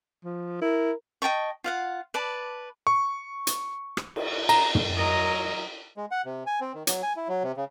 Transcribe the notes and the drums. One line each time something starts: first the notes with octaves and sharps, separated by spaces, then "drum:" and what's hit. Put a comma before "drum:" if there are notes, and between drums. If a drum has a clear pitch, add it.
F3
E4 A#4
D#5 G5 A5 C#6
F4 F5 F#5
B4 D5 A5
C#6
drum: hi-hat
drum: rim click
drum: cymbal
A#5, drum: cymbal
drum: tom
F#3 A#4 D#5
G#3
F#5
C3
G#5
C4
D#3
F#3, drum: hi-hat
G#5
E4
F#3
C3
C#3